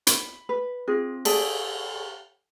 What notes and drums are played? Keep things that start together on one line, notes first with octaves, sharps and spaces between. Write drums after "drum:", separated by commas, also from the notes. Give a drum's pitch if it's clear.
B5, drum: hi-hat
B4
C4 F4 G#4
G#4 A4 D5 G#5 A5, drum: cymbal